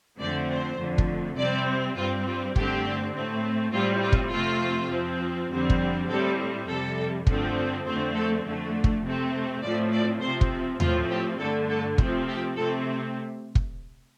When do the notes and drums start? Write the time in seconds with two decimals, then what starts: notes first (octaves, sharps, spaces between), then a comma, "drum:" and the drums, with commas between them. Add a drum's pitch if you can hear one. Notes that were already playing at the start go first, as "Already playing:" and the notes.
0.19 F2 D3 A3 C4 D5
0.50 C5
0.79 F2 D3 F3 A3
0.98 drum: kick
1.37 C3 G3 C4 D5
1.96 G2 G3 C4 F4
2.26 F4
2.56 G2 D3 A3 C4 G4, drum: kick
3.15 A2 A3 C4
3.73 A2 G3 C4 F4
4.02 F4
4.12 drum: kick
4.32 F2 C3 A3 C4 F4
4.90 F2 F3 C4
5.50 F2 D3 G3 C4
5.70 drum: kick
6.08 A2 G3 C4 A4
6.67 F2 C3 G3 A4
7.27 G2 D3 F3 A3 C4, drum: kick
7.86 F2 D3 A3 C4 C5
8.15 A4
8.45 F2 D3 A3
8.84 drum: kick
9.03 C3 A3 C4
9.62 A2 F3 A3 C4 D5
9.92 D5
10.21 C3 F3 C4 C5
10.41 drum: kick
10.80 A2 F3 A3 C4 F4, drum: tom D#2
11.09 G4
11.39 G2 D3 A3 A4
11.69 A4
11.98 C3 F3 A3 C4, drum: kick
12.28 G4
12.56 C3 A3 C4 A4
13.55 drum: kick